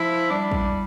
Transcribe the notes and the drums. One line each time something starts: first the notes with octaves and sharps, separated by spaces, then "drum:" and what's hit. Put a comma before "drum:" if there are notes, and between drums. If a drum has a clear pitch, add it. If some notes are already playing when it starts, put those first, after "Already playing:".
Already playing: F3 E4
G3 D4
drum: kick